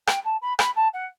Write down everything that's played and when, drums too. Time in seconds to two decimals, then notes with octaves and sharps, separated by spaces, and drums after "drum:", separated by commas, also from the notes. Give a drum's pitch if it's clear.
0.07 G5, drum: rim click
0.25 A5
0.42 B5
0.59 B5, drum: rim click
0.76 A5
0.94 F#5